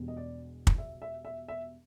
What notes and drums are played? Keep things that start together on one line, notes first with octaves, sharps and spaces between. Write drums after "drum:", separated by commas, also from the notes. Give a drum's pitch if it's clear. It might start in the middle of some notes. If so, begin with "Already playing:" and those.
Already playing: E1 E2 B2 G3
D#5
D5
drum: kick
E5
E5
E5
E5